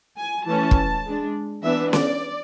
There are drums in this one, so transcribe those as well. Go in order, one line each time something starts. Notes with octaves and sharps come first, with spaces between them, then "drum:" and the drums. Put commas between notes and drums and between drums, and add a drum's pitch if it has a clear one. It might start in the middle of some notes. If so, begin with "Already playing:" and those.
G#5
E3 A3 C#4 A5
drum: kick
G#3 D4
E3 B3 D4 E5
D5, drum: snare C#4